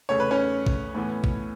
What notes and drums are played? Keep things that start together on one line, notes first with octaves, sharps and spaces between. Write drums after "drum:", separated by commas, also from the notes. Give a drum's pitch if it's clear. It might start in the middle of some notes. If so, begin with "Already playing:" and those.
E2 C#3 A3 C#5
B4
C#4 C#5
drum: kick
A2 E3 B3
drum: kick